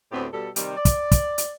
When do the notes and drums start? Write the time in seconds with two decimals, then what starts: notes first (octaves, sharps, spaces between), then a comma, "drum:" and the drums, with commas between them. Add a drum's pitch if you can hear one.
0.12 D2 A2 B3 C4 G4
0.33 B2 G3 A4
0.56 C3 D#3 G3, drum: hi-hat
0.76 D5
0.85 drum: kick, hi-hat
1.11 drum: kick, hi-hat
1.38 drum: hi-hat